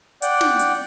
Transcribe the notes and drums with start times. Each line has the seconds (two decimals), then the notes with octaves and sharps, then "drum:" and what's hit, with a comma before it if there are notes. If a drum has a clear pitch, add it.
0.22 D5 F#5 G5, drum: hi-hat
0.41 drum: snare
0.59 drum: hi-hat